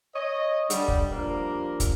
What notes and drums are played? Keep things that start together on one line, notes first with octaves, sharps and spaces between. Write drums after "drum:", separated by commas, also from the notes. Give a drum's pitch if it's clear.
C#5 D#5
D3 G3, drum: hi-hat
drum: kick
F3 G3 A#3 D4 A#4
drum: kick, hi-hat